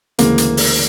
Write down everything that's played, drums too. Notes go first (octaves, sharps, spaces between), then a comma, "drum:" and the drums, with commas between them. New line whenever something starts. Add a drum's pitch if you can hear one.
D2 C#3 E3 G#3 A#3, drum: hi-hat
drum: hi-hat
drum: open hi-hat